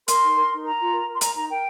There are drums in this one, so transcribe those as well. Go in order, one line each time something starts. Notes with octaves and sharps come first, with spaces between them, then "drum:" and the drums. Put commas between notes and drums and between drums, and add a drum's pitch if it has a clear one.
A#4 C6, drum: hi-hat
D#4
A#4
D#4
A#4 A#5
F4
A#4
A#4
C6
A#4 A#5, drum: hi-hat
D#4 A#5
A#4 G5